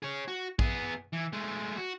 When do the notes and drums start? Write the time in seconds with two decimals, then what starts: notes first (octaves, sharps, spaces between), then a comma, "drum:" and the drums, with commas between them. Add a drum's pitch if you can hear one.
0.03 G#4 C#5
0.28 F#4
0.59 B3 G#4, drum: kick
1.13 E3
1.33 G#3 A3
1.77 F#4